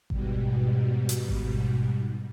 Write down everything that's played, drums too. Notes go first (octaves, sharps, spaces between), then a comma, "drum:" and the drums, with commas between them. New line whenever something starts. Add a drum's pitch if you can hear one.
G#2 B2 G3, drum: kick G#1
drum: hi-hat
drum: kick G#1